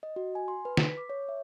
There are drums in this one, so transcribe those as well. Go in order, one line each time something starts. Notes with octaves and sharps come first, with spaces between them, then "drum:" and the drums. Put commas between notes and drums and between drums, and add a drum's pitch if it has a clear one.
D#5
F#4
G#5
C6
B4
B6, drum: snare
D6
C#5
E5